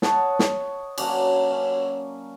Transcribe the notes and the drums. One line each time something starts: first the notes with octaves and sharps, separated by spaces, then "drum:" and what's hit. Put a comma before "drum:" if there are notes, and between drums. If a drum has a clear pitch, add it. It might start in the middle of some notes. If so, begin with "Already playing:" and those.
C#5 D#5 F#5 A5, drum: snare
drum: snare
F#3 A#3 C#4 D4, drum: cymbal
C#4